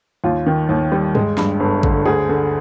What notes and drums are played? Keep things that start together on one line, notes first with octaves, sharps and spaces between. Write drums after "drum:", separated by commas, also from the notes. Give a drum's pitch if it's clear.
D#2 F4
D#3
D#2
G3
G#3, drum: tom G2
G2, drum: snare
G1
D3, drum: kick A1
D2 G#4
D3